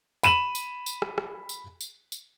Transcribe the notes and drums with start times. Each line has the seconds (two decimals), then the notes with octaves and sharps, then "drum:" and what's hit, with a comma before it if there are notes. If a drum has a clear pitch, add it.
0.23 B5 D#7 E7 F#7, drum: tambourine
0.55 drum: tambourine
0.86 drum: tambourine
1.02 drum: rim click
1.18 drum: rim click
1.49 drum: tambourine
1.81 drum: tambourine
2.12 drum: tambourine